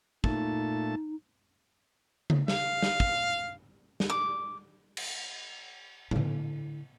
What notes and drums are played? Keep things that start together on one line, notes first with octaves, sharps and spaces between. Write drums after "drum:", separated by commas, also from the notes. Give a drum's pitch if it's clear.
A#2 A3 D#4 A5, drum: kick
drum: tom C#3
F5, drum: snare
drum: snare
drum: kick
drum: snare
D6
drum: cymbal
D3 E4, drum: tom A2